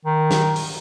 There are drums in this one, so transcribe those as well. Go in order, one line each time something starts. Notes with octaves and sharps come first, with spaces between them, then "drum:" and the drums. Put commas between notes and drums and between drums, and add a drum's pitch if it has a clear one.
D#3
drum: snare
drum: open hi-hat